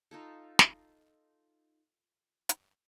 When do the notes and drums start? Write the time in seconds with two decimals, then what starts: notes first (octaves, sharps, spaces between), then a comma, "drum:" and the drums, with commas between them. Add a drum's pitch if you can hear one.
0.11 D#4 F4 A4
0.59 drum: snare
2.49 drum: hi-hat